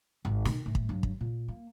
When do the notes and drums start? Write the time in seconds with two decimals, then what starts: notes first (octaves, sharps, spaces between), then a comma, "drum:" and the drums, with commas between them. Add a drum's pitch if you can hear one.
0.25 G#1
0.45 B2 D#3, drum: snare
0.66 A2
0.75 drum: kick
0.89 G2 F#3
1.03 drum: kick
1.21 A#2
1.48 A#3